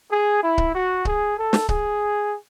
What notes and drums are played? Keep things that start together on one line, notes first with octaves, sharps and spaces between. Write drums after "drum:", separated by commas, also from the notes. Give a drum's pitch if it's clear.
G#4
E4
drum: kick C#1
F#4
G#4, drum: kick C#1
A4
drum: snare
G#4, drum: kick C#1